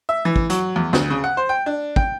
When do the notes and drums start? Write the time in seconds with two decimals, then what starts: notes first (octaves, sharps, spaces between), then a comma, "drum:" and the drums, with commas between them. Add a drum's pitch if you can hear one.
0.09 E5
0.25 E3
0.36 drum: kick
0.50 F#3, drum: hi-hat
0.76 E2
0.93 D2, drum: snare
1.10 C#3
1.24 F#5
1.37 C5
1.49 G5
1.66 D4
1.96 G5, drum: kick